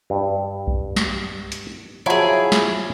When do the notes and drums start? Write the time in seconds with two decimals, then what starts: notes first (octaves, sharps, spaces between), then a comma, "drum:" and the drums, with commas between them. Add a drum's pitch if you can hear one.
0.10 G2
0.67 drum: kick B1
0.96 drum: snare
1.52 drum: hi-hat
2.06 F3 F#3 E4 G#4 C#5
2.52 drum: snare